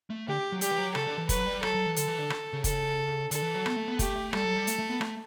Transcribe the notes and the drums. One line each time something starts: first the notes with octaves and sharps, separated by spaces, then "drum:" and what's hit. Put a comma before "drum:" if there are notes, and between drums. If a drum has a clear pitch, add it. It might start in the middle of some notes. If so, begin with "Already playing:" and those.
A3
D3 G4
F#3
G3 G4, drum: hi-hat
E3
F#3
C#3 A4, drum: rim click
D3
E3
F#3 B4, drum: kick F#1, hi-hat
G3
F#3 A4, drum: rim click
F#3
E3
D3 A4, drum: hi-hat
E3
D3
drum: rim click
C#3
A4, drum: kick F#1, hi-hat
D3 A4, drum: hi-hat
E3
F#3
B3, drum: rim click
A3
B3
A3 G4, drum: kick F#1, hi-hat
A3
G3 A4, drum: rim click
F#3
G3
A3, drum: hi-hat
A3
B3
A3, drum: rim click